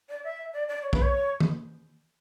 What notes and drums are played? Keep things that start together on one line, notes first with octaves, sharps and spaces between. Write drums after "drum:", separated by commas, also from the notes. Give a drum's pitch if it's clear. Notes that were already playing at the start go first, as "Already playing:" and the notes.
D5
E5
D5
D5
C#5
B4, drum: kick
C#5
drum: tom D#3